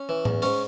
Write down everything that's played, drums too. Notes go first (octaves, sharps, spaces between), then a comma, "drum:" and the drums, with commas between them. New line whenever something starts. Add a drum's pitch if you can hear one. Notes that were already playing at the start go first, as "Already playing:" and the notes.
Already playing: C#4 C#5
E3
E2, drum: tom A2
G#2 C#4 C#5, drum: open hi-hat